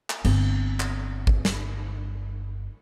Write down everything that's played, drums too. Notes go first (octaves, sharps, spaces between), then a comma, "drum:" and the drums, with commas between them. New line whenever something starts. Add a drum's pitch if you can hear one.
drum: clap
G1 C4, drum: cymbal
drum: clap
drum: kick G#1
drum: snare